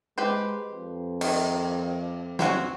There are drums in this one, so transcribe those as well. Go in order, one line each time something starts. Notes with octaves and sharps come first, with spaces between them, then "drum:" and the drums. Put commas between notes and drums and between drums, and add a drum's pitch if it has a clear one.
G#3 G4 B4 C5
F2
D#3, drum: cymbal
C4 C#4 F#4, drum: snare